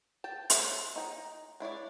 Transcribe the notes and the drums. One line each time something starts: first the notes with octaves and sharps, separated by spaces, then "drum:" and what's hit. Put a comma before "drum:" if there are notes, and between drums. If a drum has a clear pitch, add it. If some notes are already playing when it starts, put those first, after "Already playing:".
G5 A5
A4 C5 C#5 E5, drum: hi-hat
D#4 G5 A#5
D4 E4 C#5 D5